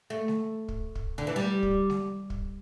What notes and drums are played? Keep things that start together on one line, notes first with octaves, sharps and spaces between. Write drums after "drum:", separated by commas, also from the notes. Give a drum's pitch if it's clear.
A3
drum: snare G#3
drum: kick
drum: kick
D3
E3
G3
drum: kick
drum: snare G#3
drum: kick